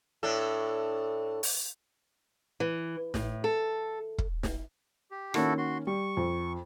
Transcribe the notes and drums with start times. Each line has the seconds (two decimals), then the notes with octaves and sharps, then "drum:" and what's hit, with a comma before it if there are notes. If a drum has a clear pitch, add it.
0.23 A2 D4 A4
1.43 drum: open hi-hat
2.60 E3
3.14 A2, drum: snare
3.44 A4
4.18 drum: kick
4.43 drum: snare
5.11 G4
5.34 D#3 A#3 C#4 E4 F#4 A4, drum: rim click
5.58 F#4 C6
5.87 G3 C#6
6.17 F2